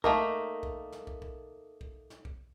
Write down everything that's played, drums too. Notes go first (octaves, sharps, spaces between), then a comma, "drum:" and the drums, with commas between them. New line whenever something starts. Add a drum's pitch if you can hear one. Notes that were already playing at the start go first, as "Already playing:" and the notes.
A3 A#3 D#4 A#4, drum: kick
drum: kick
drum: snare
drum: kick
drum: kick
drum: kick
drum: snare
drum: kick